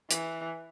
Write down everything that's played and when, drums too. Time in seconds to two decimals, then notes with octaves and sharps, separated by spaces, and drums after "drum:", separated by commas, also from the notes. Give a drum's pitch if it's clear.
0.11 E3, drum: hi-hat